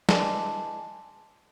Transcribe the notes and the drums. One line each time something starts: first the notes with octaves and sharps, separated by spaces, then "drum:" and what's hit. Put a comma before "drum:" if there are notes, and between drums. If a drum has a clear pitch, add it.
E3 G#3 D4, drum: snare